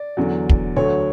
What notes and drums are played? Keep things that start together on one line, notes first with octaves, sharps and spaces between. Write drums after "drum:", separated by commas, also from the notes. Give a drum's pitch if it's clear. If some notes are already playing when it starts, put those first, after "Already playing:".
Already playing: D5
E2 D3 F#3
drum: kick
D2 D3 F#3 C#5